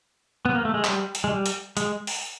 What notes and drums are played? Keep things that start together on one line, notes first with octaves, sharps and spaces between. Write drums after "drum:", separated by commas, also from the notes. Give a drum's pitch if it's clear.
B3
A#3
A3
G#3
G3, drum: clap
drum: hi-hat
G#3
G3
drum: hi-hat
G#3, drum: hi-hat
drum: open hi-hat